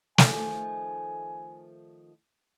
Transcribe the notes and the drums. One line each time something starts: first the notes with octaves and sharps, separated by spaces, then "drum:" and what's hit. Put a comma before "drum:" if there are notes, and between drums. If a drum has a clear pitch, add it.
D#3 F3 A3 G#5, drum: snare